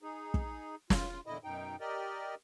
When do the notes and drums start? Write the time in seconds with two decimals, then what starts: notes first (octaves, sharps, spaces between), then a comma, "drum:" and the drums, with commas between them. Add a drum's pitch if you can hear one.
0.02 D#4 G#4
0.34 drum: kick
0.90 F4, drum: snare
1.26 E2 A#2 D3 E4 D#5
1.44 F#2 B2 D#4 G5
1.80 G4 A#4 D5 D#5